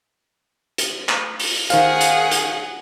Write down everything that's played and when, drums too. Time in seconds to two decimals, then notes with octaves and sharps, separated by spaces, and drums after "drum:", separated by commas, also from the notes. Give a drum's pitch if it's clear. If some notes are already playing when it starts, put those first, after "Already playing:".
0.78 drum: hi-hat
1.09 drum: clap
1.40 drum: open hi-hat
1.70 D#3 G#4 C5 F5 F#5, drum: hi-hat
2.01 drum: hi-hat
2.31 drum: hi-hat